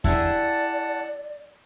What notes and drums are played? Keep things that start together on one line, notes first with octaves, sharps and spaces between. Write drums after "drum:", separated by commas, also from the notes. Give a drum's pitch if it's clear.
E4 G4 G#4 D5 F#5 A5, drum: kick E2